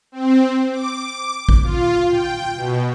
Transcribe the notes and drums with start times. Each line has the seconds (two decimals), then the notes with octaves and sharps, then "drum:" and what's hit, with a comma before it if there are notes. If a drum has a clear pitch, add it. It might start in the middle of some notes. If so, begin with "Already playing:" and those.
0.12 C4
0.71 D6
1.49 drum: kick A1
1.64 F4
2.08 G5
2.56 B2